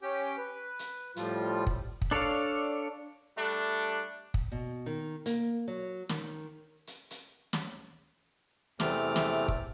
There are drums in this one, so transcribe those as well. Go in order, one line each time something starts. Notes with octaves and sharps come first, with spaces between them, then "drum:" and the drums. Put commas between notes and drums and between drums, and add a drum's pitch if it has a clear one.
C#4 G4 G5
B4
drum: hi-hat
A2 F3 G3 F4, drum: hi-hat
drum: kick
drum: kick
D4 A4 C#5 D5 F5
G3 A3 D4
drum: kick
B2
D#3
A#3, drum: hi-hat
F#3
D#3, drum: snare
drum: hi-hat
drum: hi-hat
drum: snare
E2 C3 A3 D6 F6, drum: snare
drum: snare
drum: kick